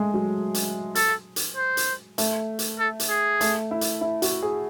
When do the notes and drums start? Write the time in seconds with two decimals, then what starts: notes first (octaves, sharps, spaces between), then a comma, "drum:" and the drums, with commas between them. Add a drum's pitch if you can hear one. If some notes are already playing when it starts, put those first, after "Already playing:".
Already playing: G#3 A3
0.14 F#3
0.54 drum: hi-hat
0.95 A4, drum: hi-hat
1.36 drum: hi-hat
1.57 C5
1.77 drum: hi-hat
2.18 A3, drum: hi-hat
2.59 drum: hi-hat
2.79 A4
3.00 drum: hi-hat
3.09 G#4
3.41 A3, drum: hi-hat
3.71 E4
3.81 drum: hi-hat
4.01 E4
4.22 F#4, drum: hi-hat
4.42 G#4